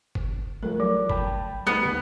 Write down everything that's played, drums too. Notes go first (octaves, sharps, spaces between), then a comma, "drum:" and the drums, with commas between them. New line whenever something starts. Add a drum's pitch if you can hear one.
drum: kick F#1
F3 G3 A3 A#4
F#3
G5 A5 B5, drum: kick F#1
G3 A3 B3 D#4
D2